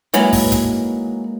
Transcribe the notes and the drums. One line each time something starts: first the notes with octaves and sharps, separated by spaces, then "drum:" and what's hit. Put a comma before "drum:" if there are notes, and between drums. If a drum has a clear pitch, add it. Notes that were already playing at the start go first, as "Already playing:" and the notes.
E3 F#3 G#3 A#3 D#4, drum: hi-hat
drum: kick, open hi-hat
drum: kick, hi-hat